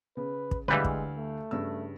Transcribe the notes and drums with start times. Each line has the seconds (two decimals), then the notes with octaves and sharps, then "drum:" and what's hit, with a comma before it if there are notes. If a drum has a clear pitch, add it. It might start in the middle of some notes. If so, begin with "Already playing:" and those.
0.17 C#3 B4
0.51 drum: kick
0.68 D2 E3 G3 G#3 B4 F5 E6
0.85 drum: kick
1.17 A3
1.51 G2 C#3 E6